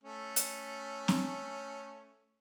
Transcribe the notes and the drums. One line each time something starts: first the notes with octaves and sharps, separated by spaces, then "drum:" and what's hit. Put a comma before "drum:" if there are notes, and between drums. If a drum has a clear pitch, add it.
A3 C#4
drum: hi-hat
drum: snare C4